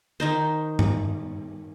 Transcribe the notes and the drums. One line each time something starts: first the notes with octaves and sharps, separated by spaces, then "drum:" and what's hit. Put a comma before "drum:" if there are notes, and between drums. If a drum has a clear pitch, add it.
D#3 D#4 C5
drum: tom G2